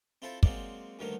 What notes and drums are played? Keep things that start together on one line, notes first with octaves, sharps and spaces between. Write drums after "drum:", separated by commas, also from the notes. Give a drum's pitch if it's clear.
C4 E4 F4 A4
F#3 G#3 A#3 C4 D5, drum: kick
D2 G2 D#3 F#3 A#3